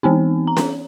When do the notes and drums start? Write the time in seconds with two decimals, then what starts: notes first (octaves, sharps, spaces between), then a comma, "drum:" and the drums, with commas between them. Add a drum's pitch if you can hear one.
0.03 E3 B3 C4 D#4
0.47 A#5
0.57 drum: snare C#4